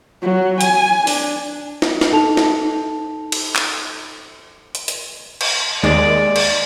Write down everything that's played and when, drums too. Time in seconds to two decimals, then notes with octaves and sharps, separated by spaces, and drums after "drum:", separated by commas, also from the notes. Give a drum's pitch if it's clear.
0.22 F#3
0.61 G#5, drum: hi-hat
1.07 D4, drum: open hi-hat
1.82 drum: snare
2.01 drum: snare
2.11 D#4 A4 A5 F7
2.37 drum: snare
3.32 drum: cymbal
3.56 drum: clap
4.75 drum: hi-hat
4.88 drum: hi-hat
5.41 drum: cymbal
5.83 D#2 G#3 D5
6.36 drum: cymbal